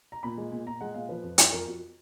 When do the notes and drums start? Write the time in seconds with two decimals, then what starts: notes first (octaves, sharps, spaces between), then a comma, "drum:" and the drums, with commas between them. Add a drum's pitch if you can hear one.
0.12 A#5
0.23 A#2 B5
0.37 G#3
0.52 A#2
0.67 A#2 A#5
0.81 G#3 F#5
0.94 A#2 F5
1.09 F3 B4
1.23 F2
1.38 F2, drum: hi-hat
1.52 F2 A#4
1.67 F2 F#4